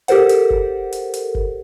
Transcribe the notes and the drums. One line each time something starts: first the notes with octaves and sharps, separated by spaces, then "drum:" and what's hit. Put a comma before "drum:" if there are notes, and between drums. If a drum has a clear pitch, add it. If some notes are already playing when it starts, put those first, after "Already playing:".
G4 A4 A#4 C5 F#5, drum: hi-hat
drum: hi-hat
drum: kick
drum: hi-hat
drum: hi-hat
drum: kick